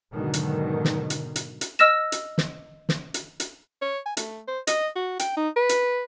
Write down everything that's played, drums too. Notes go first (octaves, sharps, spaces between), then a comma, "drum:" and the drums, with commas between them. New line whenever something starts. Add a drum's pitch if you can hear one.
G#2 B2 D3 D#3 F#3
drum: hi-hat
drum: snare
drum: hi-hat
drum: hi-hat
drum: hi-hat
D#5 E6 F6 A#6 E7
drum: hi-hat
drum: snare
drum: snare
drum: hi-hat
drum: hi-hat
C#5
G#5
A3, drum: hi-hat
C5
D#5, drum: hi-hat
F#4
G5, drum: hi-hat
D#4
B4
drum: hi-hat